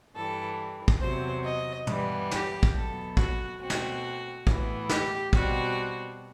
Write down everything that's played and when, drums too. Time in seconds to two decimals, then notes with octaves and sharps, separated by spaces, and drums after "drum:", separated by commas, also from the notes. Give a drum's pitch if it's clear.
0.15 G2 E3 G3 A4
0.88 drum: kick
1.01 E2 C3 F#3 C5
1.44 D#5
1.87 G2 E3 G3 B3, drum: tom
2.31 G4, drum: snare
2.63 drum: kick
2.74 E2 B2 F#3 B3 A4
3.17 F#4, drum: kick
3.60 B2 A3 C4 F#4
3.70 drum: snare
4.47 A2 E3 B3, drum: kick
4.89 G4, drum: snare
5.33 B2 G3 C4 F#4, drum: kick